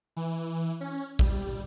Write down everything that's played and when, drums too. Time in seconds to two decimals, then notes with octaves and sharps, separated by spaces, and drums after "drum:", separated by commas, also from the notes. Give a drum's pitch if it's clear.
0.16 E3
0.80 C#4
1.19 G3, drum: kick